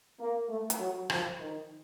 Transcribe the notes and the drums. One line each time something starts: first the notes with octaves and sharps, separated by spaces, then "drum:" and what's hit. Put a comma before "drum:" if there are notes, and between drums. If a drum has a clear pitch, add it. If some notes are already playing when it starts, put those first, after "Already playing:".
A#3
A3
drum: hi-hat
F#3
F3, drum: rim click
D#3